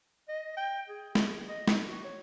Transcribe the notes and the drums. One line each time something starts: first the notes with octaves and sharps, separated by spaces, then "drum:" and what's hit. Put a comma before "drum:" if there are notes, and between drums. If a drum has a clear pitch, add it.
D#5
G5
G#4
G#4, drum: snare
G#4
D#5
D#4, drum: snare
F#4
C#5